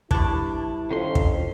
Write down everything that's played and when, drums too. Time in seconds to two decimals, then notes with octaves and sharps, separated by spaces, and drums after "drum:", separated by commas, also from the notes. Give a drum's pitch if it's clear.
0.11 G2 D4 E4, drum: kick
0.91 F2 D#3 C#4 C6
1.15 drum: kick